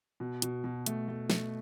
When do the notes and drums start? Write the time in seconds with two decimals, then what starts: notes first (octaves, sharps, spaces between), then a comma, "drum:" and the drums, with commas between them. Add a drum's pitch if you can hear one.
0.20 B2
0.42 B2, drum: hi-hat
0.64 B2
0.86 A3, drum: hi-hat
1.08 A3
1.30 A3, drum: snare